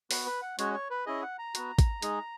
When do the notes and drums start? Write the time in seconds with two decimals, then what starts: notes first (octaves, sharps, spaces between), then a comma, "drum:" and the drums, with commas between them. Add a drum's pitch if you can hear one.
0.11 B3 F#4, drum: open hi-hat
0.26 B4
0.42 F#5
0.59 G#3 C#4 F#4 C#5, drum: hi-hat
0.74 C#5
0.90 B4
1.06 C#4 E4 G#4 D#5
1.22 F#5
1.39 A#5
1.55 B3 F#4, drum: hi-hat
1.79 drum: kick G#1, hi-hat
2.02 G#3 D#4 G#4, drum: hi-hat